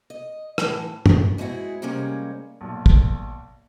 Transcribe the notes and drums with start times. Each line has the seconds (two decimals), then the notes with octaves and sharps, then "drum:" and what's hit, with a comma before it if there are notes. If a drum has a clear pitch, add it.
0.10 D#5
0.58 A2 E3, drum: rim click
1.06 B3, drum: tom
1.38 G3 G#3 C4 E4 F#4 G#4
1.82 C3 G3 G#3 A#3 C#4
2.61 B1 A#2
2.86 drum: kick